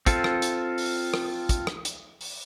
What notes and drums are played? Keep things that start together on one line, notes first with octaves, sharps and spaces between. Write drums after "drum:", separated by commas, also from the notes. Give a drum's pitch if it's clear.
C4 F4 A4, drum: kick, hi-hat
drum: rim click
drum: hi-hat
drum: open hi-hat
drum: rim click
drum: kick, hi-hat
drum: rim click
drum: hi-hat
drum: open hi-hat